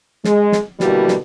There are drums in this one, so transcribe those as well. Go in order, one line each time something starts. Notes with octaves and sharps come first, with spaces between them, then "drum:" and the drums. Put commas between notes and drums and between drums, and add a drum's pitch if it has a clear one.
G#3, drum: snare
drum: snare
B2 D3 G3 A#3 E4 F#4, drum: snare
drum: snare